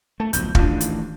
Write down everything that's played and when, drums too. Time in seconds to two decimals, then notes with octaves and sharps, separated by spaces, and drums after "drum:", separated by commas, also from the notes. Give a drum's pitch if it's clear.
0.20 A3 A5
0.33 D1 B1 F3 G6, drum: hi-hat
0.55 A1 G#2 D#3 D4 F4, drum: kick
0.81 drum: hi-hat